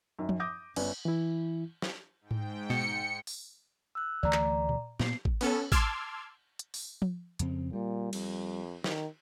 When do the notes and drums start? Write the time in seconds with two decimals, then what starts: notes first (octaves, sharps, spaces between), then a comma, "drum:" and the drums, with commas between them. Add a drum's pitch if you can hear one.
0.19 F#2 D#3
0.29 drum: tom F3
0.40 D6 D#6 G6 A#6
0.76 G1 B3 C#4 D5 G#5, drum: cymbal
1.05 E3 E4
1.82 drum: snare
2.21 G#2 G5
2.31 drum: tom G#2
2.70 B2 C#7
3.27 drum: open hi-hat
3.95 E6 F#6
4.23 D2 E3 A3 D5 A#5
4.33 drum: clap
4.69 drum: tom A#2
5.00 A#2 B3 C7, drum: snare
5.25 drum: kick G#1
5.41 B3 C#4 A4, drum: cymbal
5.72 A5 C6 D6 E6 F6 G#6, drum: kick G#1
6.59 drum: hi-hat
6.74 drum: open hi-hat
7.02 drum: tom F3
7.39 F2 C#3 C4, drum: hi-hat
7.73 A#2 G3
8.13 F2, drum: cymbal
8.84 D#3, drum: snare